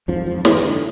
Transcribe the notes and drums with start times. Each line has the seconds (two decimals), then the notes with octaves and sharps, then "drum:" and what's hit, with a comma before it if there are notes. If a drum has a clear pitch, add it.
0.08 F2 G#2 F3
0.26 F2 G#2 F3
0.38 F3
0.45 G#2 E3, drum: snare
0.63 G#2 D3